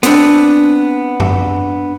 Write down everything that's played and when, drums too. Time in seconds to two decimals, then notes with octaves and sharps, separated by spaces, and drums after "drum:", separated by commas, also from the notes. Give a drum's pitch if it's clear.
0.03 B3 C4 D4, drum: hi-hat
1.20 drum: tom F#2